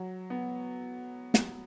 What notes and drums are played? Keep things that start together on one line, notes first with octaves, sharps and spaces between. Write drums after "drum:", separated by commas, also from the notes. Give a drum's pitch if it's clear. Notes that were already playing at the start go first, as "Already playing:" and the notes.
Already playing: F#3
B3
drum: snare